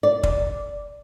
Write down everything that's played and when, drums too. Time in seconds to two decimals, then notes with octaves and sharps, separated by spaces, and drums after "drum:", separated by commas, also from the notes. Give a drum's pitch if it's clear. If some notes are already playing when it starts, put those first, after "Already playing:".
0.03 D5
0.23 drum: kick